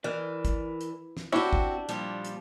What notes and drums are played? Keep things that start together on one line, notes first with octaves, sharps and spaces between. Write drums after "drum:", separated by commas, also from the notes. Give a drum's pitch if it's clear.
E3 A#4 B4 D5
drum: kick, hi-hat
drum: hi-hat
drum: snare
C4 D4 E4 F#4 G4 C#5
drum: kick
A#2 F3 G3, drum: hi-hat
drum: hi-hat